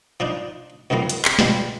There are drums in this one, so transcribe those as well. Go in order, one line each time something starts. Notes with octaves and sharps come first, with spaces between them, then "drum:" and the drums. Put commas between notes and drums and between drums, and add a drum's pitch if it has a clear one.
F3 D4 D#4
C#2 F#2 D#3 F3 A#3
drum: hi-hat
drum: clap
B2 F3 G3 C4 C#4, drum: snare